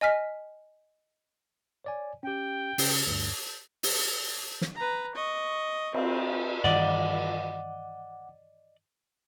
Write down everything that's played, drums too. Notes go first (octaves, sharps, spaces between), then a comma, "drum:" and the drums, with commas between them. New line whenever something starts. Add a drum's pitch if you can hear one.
D#5 G#5 F6 B6
C#5 D5 G#5
C#4 G4 G5
C#3 C#4 C7, drum: open hi-hat
D2 G2
drum: open hi-hat
drum: snare
B4 A#5
D#5 C#6
C4, drum: cymbal
G2 D#3 E3 D5 D#5 F#5 D6